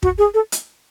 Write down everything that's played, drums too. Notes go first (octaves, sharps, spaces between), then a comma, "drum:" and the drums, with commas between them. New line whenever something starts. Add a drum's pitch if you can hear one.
F#4, drum: kick
G#4
A4
drum: hi-hat